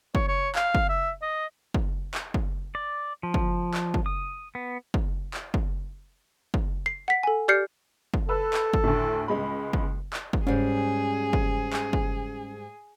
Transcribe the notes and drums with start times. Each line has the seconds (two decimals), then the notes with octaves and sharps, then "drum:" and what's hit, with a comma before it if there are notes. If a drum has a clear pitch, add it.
0.15 C#5, drum: kick
0.28 C#5
0.55 F5, drum: clap
0.75 drum: kick
0.89 E5
1.22 D#5
1.74 drum: kick
2.14 drum: clap
2.34 drum: kick
2.75 D5
3.23 F3
3.34 drum: kick
3.74 drum: clap
3.94 drum: kick
4.06 D#6
4.55 B3
4.94 drum: kick
5.34 drum: clap
5.54 drum: kick
6.54 drum: kick
6.86 C7
7.08 F#5 B6
7.23 A4 G#5
7.48 G4 D5 F6 G6 C7 C#7
8.14 drum: kick
8.29 A4 B4 E6
8.54 drum: clap
8.74 drum: kick
8.84 D2 A2
9.28 C#2 G#3 B5
9.73 drum: kick
10.13 drum: clap
10.33 drum: kick
10.47 G#2 G3 C#4 G#4
11.33 drum: kick
11.73 drum: clap
11.93 drum: kick